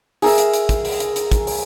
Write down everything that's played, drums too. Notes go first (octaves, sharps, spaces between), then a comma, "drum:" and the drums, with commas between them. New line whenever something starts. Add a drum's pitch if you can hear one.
G#4 A#4 E5, drum: open hi-hat
drum: hi-hat
drum: hi-hat
drum: kick, hi-hat
drum: open hi-hat
drum: hi-hat
drum: hi-hat
drum: kick, hi-hat
drum: open hi-hat